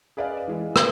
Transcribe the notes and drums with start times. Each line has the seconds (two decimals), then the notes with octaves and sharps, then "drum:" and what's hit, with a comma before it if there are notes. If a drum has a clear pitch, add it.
0.17 G#4 B4 D5 D#5 F5
0.48 E3 G#3
0.76 drum: rim click